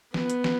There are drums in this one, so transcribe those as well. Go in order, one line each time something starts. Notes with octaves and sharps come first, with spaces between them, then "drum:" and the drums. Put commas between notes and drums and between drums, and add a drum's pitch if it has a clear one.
B3, drum: snare
drum: hi-hat
drum: snare